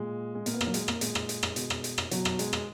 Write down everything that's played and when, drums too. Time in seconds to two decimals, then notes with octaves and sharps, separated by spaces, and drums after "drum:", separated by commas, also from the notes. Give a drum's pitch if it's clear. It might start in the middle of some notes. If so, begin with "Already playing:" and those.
Already playing: A#2 G#3
0.35 G#3
0.46 A#2 A#3, drum: hi-hat
0.54 B3
0.61 A#3, drum: rim click
0.67 F#3
0.74 G#3, drum: hi-hat
0.88 A#3, drum: rim click
1.01 A#2 G#3, drum: hi-hat
1.15 drum: rim click
1.29 drum: hi-hat
1.43 drum: rim click
1.56 B2, drum: hi-hat
1.70 drum: rim click
1.84 drum: hi-hat
1.98 drum: rim click
2.11 B2 F#3, drum: hi-hat
2.25 drum: rim click
2.39 G#3, drum: hi-hat
2.53 drum: rim click